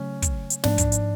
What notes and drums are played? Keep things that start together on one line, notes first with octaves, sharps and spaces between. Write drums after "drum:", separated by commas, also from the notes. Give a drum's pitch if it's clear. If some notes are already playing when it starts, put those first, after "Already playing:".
Already playing: C#3 F#3 A3 C#4
drum: kick, hi-hat
drum: hi-hat
G#2 F3 A#3 D4, drum: snare
drum: kick, hi-hat
drum: hi-hat